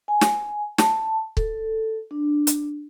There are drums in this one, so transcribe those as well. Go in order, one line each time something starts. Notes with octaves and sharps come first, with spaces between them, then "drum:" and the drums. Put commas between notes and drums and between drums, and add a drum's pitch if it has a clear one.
G#5
drum: snare
A5, drum: snare
A4, drum: kick
D4
drum: hi-hat